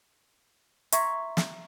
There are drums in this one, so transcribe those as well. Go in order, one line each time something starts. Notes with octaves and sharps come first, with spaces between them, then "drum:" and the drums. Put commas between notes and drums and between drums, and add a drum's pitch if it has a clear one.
E5 A#5 C6 C#6 G#6 A#6, drum: hi-hat
drum: snare